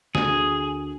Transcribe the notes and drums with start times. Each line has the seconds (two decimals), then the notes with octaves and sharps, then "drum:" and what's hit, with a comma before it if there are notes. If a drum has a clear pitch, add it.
0.15 D2 G#4, drum: snare